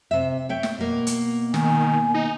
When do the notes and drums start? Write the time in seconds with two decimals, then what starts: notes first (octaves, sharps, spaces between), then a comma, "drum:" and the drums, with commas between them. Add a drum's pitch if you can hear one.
0.11 C3 E5
0.49 C#5 E5 G5
0.63 drum: snare
0.78 B2 A#3
1.07 drum: hi-hat
1.54 D#3 G#5, drum: snare
2.14 D#4